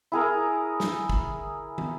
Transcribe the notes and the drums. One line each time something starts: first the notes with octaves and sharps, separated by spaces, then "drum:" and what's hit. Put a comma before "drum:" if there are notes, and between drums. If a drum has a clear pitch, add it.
E4 G#4 A#4
drum: snare
drum: kick
drum: tom